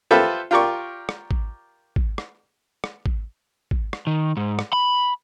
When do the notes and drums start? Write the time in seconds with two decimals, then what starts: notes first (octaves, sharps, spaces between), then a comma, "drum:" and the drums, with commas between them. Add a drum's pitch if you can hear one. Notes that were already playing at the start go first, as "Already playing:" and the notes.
0.11 F4 G4 A4 B4 C5 E5
0.51 F4 G4 A#4 D5 C#6
1.09 drum: rim click
1.31 drum: kick
1.96 drum: kick
2.18 drum: rim click
2.84 drum: rim click
3.06 drum: kick
3.71 drum: kick
3.93 drum: rim click
4.07 D#3
4.37 G#2
4.59 drum: rim click
4.73 B5